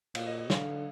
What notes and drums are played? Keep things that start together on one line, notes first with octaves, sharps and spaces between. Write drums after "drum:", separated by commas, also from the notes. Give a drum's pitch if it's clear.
A#2 F5, drum: cymbal
D#5
D#5
D3 F5, drum: snare